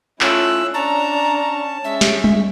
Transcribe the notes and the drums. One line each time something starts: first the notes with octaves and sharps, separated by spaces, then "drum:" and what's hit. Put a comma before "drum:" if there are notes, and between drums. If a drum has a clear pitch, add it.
A3 C#4 E4 F4 E6 F#6, drum: clap
C#4 D4 A5 A#5 C#6
G#3 C#4 E5
drum: snare
drum: tom G3